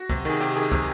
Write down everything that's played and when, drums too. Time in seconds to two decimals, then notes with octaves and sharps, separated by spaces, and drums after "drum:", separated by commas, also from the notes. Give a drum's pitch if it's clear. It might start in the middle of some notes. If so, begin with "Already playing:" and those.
Already playing: F#4
0.09 C3, drum: kick
0.25 D#3 G#4
0.40 C3 G4
0.56 D#3 G#4
0.72 C3, drum: kick